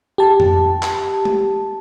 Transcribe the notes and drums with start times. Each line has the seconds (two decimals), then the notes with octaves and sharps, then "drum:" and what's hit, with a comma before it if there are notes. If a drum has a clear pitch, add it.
0.18 G4 A5
0.40 drum: tom F2
0.83 drum: clap
1.25 drum: tom G#3